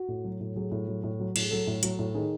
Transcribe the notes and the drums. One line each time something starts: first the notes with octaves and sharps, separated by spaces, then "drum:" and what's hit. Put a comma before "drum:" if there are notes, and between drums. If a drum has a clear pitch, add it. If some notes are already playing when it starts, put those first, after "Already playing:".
Already playing: F#4
A2
F#3
A2
F#3 G#4
A2
F#3
A2
F#3
A2, drum: cymbal
G#4
F#3 A4
A2
F#3, drum: hi-hat
A2
D#3 G#4